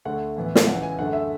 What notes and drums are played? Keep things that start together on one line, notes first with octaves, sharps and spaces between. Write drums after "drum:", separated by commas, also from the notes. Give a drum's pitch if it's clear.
D2 D3 A3 F#5
A2 E3 B3
drum: snare
C#2 C#3 E3 F#5
G#5
F#2 D3 A3 F#5
E5